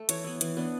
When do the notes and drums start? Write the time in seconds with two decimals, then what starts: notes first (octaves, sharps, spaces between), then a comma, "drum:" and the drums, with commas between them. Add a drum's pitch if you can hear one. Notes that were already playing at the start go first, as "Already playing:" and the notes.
Already playing: A3
0.09 E3 C#5, drum: hi-hat
0.24 B3 E4
0.41 E3, drum: hi-hat
0.57 B3 D4